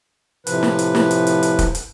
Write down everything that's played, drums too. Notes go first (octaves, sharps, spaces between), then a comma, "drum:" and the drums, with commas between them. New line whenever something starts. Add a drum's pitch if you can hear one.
A2 C3 F3 B4, drum: hi-hat
drum: snare
drum: hi-hat
drum: snare
drum: hi-hat
drum: hi-hat
drum: hi-hat
drum: kick, hi-hat
drum: hi-hat